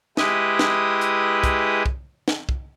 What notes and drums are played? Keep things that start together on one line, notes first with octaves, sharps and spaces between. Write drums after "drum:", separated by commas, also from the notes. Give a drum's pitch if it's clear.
G#3 E4 G4 B4 D#6, drum: snare
drum: snare
drum: hi-hat
drum: kick, hi-hat
drum: kick
drum: snare
drum: kick